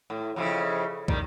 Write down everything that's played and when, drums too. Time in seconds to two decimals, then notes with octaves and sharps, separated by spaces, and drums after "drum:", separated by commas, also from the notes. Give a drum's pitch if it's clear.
0.10 A2
0.36 F2 C#3 E4
1.08 D#3 G3, drum: kick